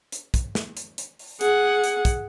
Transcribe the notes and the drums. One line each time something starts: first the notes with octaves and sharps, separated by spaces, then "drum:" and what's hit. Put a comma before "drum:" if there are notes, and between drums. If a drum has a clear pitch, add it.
drum: hi-hat
drum: kick, hi-hat
drum: snare
drum: hi-hat
drum: hi-hat
drum: open hi-hat
G#4 F#5, drum: hi-hat
drum: hi-hat
drum: kick, hi-hat